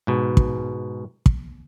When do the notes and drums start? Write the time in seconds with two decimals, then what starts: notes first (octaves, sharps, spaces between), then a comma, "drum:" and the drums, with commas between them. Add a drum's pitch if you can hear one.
0.07 G#2 B2
0.37 drum: kick
1.26 drum: kick